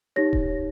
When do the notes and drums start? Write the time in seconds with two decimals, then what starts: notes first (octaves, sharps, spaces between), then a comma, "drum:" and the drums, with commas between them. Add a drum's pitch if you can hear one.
0.16 D#4 G4 C#5 A#6
0.33 drum: kick D#1